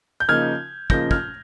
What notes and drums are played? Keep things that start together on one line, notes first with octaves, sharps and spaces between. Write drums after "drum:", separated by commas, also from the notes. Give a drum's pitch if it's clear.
G6
C#3 F3 A#3 D#4 F6 G#6
C#3 F3 A#3 D#4 G6 A#6, drum: kick
F6 G#6, drum: kick